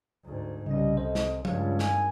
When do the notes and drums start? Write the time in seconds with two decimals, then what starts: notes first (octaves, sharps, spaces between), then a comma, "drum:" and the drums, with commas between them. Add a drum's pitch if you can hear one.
0.25 D2 G#2
0.66 C2 C#3 G3 C#4 D#5
0.97 C4 A4 C5 D#5
1.15 drum: snare
1.45 C#2 G2 F5, drum: tom F3
1.79 G#1 G#5, drum: snare